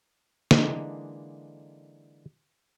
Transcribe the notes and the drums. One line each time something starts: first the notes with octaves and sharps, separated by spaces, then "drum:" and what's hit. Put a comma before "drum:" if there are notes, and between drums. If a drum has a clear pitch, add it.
D3 E3 G#3 A#3 D4 D#4, drum: snare